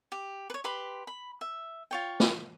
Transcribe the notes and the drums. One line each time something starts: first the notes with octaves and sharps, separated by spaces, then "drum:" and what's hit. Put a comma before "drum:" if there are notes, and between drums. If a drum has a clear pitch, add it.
G4
B4 C#5
G4 B4 B5 C6
B5
E5
F4 C#5 G5
drum: snare